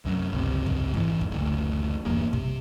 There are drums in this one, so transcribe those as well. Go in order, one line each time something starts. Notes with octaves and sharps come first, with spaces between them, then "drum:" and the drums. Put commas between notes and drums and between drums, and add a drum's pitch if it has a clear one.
C2 F#2
G1 C#2 C3
drum: kick
G#2 E3, drum: kick
drum: kick
F#1 D2
D#1 E2 G2 A#3
C3, drum: kick